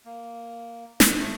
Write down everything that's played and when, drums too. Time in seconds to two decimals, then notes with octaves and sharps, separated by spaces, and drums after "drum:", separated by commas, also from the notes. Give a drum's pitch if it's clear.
0.05 A#3
1.00 drum: snare
1.18 A3